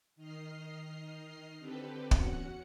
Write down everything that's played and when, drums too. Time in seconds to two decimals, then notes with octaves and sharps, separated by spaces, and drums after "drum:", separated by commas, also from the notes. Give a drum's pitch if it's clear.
0.16 D#3 D#5 F6 C7
1.59 D3 C4 G4 A4 B4
2.11 E2 C#4 F#4 F#5 C#7, drum: kick